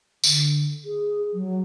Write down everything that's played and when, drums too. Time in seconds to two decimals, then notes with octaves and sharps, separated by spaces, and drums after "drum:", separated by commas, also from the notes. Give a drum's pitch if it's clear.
0.24 D3, drum: tambourine
0.85 G#4
1.34 F#3